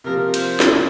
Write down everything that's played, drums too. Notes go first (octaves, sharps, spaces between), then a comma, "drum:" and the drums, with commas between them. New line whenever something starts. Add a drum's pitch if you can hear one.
C3 F3 A#3 A#4
C5, drum: cymbal
drum: snare